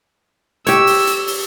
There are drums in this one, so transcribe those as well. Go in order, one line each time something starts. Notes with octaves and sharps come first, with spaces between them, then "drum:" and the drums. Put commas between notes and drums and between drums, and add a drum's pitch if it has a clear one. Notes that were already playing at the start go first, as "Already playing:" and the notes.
G4 C#5 E6, drum: hi-hat
drum: open hi-hat
drum: hi-hat
drum: open hi-hat